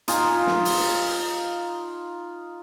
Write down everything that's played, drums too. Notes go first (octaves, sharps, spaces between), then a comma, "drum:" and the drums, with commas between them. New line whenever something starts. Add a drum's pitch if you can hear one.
D#4 F4 G#5 A#5, drum: hi-hat
drum: snare
drum: open hi-hat